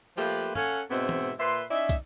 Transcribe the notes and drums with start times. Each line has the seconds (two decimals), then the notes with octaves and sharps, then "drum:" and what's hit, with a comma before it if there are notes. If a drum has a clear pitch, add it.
0.18 F3 A3 A#3 G4 B4 C5
0.55 C#4 A4 C#5 F5 F#5 G#5, drum: tom
0.91 G#2 B2 B3 C4 E5
1.09 drum: tom E3
1.40 A#2 B4 E5 C6
1.71 C#4 D#4 D5 E5
1.89 drum: kick, hi-hat